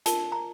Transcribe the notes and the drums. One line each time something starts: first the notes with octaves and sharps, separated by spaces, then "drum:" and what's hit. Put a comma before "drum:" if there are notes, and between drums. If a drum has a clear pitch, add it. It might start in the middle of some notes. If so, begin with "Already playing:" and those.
F4 A#4 A5, drum: hi-hat
A#5